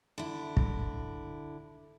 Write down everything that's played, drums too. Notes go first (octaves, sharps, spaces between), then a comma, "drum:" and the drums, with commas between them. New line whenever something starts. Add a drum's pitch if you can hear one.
D3 E4
drum: kick